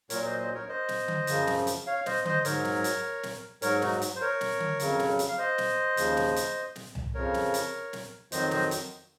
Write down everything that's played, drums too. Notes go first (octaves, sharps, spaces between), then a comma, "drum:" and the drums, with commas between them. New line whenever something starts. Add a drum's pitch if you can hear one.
A#2 F#3 A#4 C#5, drum: hi-hat
C5 D#5
C5 D#5
A#4 C#5
C5 D#5
drum: snare
drum: tom D3
F#2 C#3 F3, drum: hi-hat
drum: snare
drum: hi-hat
C#5 F5
C5 D#5, drum: snare
C5 D#5, drum: tom D3
G#2 F#3 A#4 C#5, drum: hi-hat
drum: snare
drum: hi-hat
drum: snare
G#2 F#3 A#4 C#5, drum: hi-hat
D#4 F#4, drum: snare
drum: hi-hat
C5
A#4 C#5
drum: snare
drum: tom D3
F2 C#3 F#3, drum: hi-hat
drum: snare
drum: hi-hat
F5
C5 D#5
drum: snare
D#2 C#3 F3, drum: hi-hat
drum: snare
drum: hi-hat
drum: snare
drum: tom C2
F2 C#3 F3 A#4 C#5
drum: snare
drum: hi-hat
drum: snare
F2 D#3 F#3 C5 D#5, drum: hi-hat
C5 D#5, drum: snare
drum: hi-hat